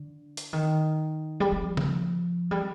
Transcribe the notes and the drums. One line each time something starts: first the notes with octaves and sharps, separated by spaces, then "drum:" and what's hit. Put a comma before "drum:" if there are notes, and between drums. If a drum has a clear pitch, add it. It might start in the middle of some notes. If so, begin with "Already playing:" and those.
Already playing: D3
drum: hi-hat
D#3
G3
F3
drum: tom C#3
G3